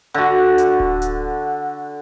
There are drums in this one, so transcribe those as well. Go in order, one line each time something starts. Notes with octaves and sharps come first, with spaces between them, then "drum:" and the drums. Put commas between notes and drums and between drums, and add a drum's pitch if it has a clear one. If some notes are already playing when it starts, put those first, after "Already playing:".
D3 F#4
drum: hi-hat
drum: kick D1
drum: hi-hat